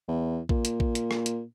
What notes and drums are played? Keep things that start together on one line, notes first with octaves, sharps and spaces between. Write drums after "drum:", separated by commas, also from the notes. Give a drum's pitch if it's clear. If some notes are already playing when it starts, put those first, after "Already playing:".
E2
A#2, drum: kick A#1
drum: hi-hat
drum: kick A#1
drum: hi-hat
drum: rim click
drum: hi-hat